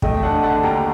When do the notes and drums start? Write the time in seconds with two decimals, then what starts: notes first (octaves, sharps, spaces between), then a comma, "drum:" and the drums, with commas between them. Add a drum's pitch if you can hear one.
0.02 A3 D#5 G5, drum: kick
0.23 D4 F#5 A5
0.43 D3 F#5 A5
0.63 D#2 G5 A#5